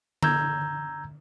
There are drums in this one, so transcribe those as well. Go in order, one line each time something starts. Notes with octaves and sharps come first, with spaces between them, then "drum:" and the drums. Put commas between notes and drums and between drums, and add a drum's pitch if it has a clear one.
A#5 E6 G6 G#6, drum: tom D3